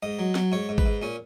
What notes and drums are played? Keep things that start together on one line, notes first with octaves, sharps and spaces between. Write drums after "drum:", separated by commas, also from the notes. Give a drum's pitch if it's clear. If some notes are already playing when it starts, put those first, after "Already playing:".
G#2 D#5
F#3
F#3, drum: snare
G#2 C#5
G#2
B4, drum: kick
G#2
A#2 C#4